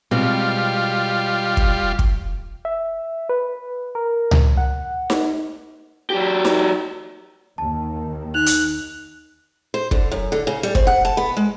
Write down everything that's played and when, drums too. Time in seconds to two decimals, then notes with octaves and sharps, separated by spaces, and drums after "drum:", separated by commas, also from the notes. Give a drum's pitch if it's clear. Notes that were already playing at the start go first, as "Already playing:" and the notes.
0.11 B2 G3 G#3 C4 F4
1.57 drum: kick
1.99 drum: kick
2.65 E5
3.29 B4
3.95 A#4
4.31 drum: tom C#2
4.57 F#5
5.10 drum: snare D#4
6.10 F#3 G4
6.45 drum: snare D#4
7.58 D#2 D#3 A5
8.34 D#4 F#6 F7 F#7
8.46 drum: hi-hat
9.74 C5
9.91 D3, drum: kick
10.12 F#2
10.32 D3
10.47 C#3
10.63 G3
10.75 C4, drum: kick
10.87 F#5
11.05 A5
11.17 B3
11.37 G#3